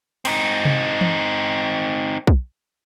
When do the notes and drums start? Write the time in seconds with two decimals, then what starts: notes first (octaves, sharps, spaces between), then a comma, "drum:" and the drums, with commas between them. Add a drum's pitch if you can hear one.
0.25 C4 D#4, drum: cymbal
0.65 drum: tom C3
1.01 drum: tom E3
2.27 drum: kick